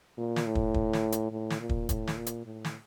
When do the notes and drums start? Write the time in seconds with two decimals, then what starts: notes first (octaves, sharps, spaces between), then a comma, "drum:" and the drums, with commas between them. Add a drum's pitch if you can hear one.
0.17 A#2
0.36 drum: snare
0.46 A2
0.55 drum: kick
0.74 drum: kick
0.93 drum: snare
1.12 drum: hi-hat
1.32 A2
1.50 drum: snare
1.60 A#2
1.69 drum: kick
1.89 A2, drum: kick, hi-hat
2.07 drum: snare
2.17 A#2
2.26 drum: hi-hat
2.45 A2
2.65 drum: snare